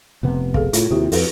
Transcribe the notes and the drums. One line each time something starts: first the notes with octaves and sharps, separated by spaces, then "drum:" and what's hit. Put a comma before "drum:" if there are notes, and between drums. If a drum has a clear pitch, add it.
F1 C3 B3
G#4 A4 F5, drum: kick
A2 F4, drum: hi-hat
D#2 C3 E4 F#4 G4
F2 A4 B4, drum: open hi-hat